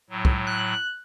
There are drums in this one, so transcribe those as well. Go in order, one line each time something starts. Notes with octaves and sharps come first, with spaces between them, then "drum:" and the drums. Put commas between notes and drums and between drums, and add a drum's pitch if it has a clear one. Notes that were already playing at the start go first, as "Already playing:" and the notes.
A2 F#3
drum: kick
F#6